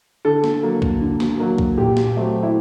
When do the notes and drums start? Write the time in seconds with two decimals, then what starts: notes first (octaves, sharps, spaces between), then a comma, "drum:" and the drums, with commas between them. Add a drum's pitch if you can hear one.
0.25 D3 A4
0.44 drum: snare
0.63 F#3 A#3
0.82 drum: kick
1.01 D3
1.20 drum: snare
1.39 F#3 A#3
1.58 drum: kick
1.78 A#2 G4
1.97 drum: snare
2.16 F#3 A3 C4
2.43 E4